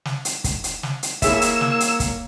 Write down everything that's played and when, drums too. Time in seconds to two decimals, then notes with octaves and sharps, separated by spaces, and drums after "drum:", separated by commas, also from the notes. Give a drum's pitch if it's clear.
0.05 drum: snare
0.25 drum: hi-hat
0.44 drum: kick, hi-hat
0.64 drum: hi-hat
0.83 drum: snare
1.03 drum: hi-hat
1.22 A#3 E4 G#4 A#4 C#5 E5 E6, drum: kick, hi-hat
1.42 drum: hi-hat
1.61 drum: snare
1.80 drum: hi-hat
2.00 drum: kick, hi-hat